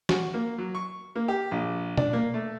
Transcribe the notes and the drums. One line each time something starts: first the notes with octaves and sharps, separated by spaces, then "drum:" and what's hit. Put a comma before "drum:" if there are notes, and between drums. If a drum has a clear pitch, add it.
F#4, drum: snare
A#3
F#3
C#6
A#3
G4
A#1
D4, drum: tom B2
A#3
A3